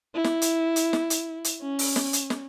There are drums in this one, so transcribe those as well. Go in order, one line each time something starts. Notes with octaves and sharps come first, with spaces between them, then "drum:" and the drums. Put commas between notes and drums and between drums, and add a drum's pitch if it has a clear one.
E4
drum: snare
drum: hi-hat
drum: hi-hat
drum: snare
drum: hi-hat
drum: hi-hat
C#4
drum: open hi-hat
drum: snare
drum: hi-hat
drum: snare